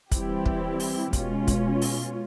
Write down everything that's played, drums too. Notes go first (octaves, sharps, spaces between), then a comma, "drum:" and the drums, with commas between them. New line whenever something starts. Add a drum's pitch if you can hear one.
E3 G3 C4 E4 G4, drum: kick, hi-hat
drum: kick
drum: open hi-hat
B2 G#3 C#4 F4, drum: kick, hi-hat
drum: kick, hi-hat
drum: open hi-hat